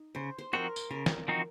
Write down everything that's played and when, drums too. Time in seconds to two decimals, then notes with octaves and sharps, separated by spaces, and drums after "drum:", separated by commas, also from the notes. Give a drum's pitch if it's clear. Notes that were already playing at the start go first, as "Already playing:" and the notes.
Already playing: D#4
0.15 C#3 C5
0.38 C5
0.53 F3 C4 D#4 F#4 A#4
0.76 drum: tambourine
0.90 C#3 A#4
1.06 drum: snare
1.28 F3 C4 D#4 F#4